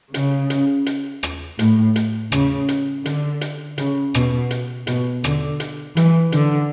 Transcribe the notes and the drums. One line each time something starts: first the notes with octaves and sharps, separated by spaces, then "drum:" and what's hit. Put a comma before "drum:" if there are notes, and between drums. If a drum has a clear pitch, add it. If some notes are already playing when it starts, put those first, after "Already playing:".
C#3, drum: hi-hat
drum: hi-hat
drum: hi-hat
drum: rim click
A2, drum: hi-hat
drum: hi-hat
C#3, drum: rim click
drum: hi-hat
D3, drum: hi-hat
drum: hi-hat
C#3, drum: hi-hat
B2, drum: rim click
drum: hi-hat
B2, drum: hi-hat
D3, drum: rim click
drum: hi-hat
E3, drum: hi-hat
D3, drum: hi-hat